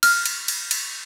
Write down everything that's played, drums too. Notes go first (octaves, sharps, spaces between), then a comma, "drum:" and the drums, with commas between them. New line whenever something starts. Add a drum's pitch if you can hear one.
F6, drum: cymbal
drum: cymbal
drum: cymbal
drum: cymbal